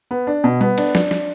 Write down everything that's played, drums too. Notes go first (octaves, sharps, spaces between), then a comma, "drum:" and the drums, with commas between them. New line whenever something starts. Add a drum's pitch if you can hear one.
B3
D4
B2
B3, drum: tom G3
D4, drum: cymbal
D4, drum: snare
drum: snare